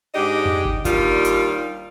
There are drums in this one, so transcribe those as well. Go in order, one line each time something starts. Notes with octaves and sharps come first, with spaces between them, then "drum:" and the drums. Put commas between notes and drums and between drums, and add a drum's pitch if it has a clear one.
G#2 D4 G4 D#5
drum: tom F2
drum: kick
D#2 D#3 G3 D4 F4, drum: kick, hi-hat
drum: hi-hat